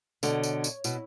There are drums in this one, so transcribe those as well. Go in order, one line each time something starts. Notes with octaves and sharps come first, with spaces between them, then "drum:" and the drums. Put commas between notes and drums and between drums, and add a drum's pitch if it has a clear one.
B2 D3 C#5, drum: tambourine
drum: tambourine
C#5
drum: tambourine
B2 E4, drum: tambourine